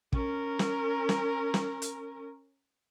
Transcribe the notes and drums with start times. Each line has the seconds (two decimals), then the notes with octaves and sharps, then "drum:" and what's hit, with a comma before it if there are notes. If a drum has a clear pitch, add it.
0.13 C#4 A#4, drum: kick
0.59 drum: snare
1.09 drum: snare
1.54 drum: snare
1.82 drum: hi-hat